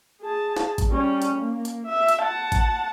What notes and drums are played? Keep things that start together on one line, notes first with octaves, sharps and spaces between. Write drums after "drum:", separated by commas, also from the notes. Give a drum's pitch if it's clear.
G#4 A5
drum: snare
drum: kick G#1, hi-hat
G3 C#4
drum: hi-hat
A#3
drum: hi-hat
E5
drum: hi-hat
F#5 A5
drum: kick G#1, hi-hat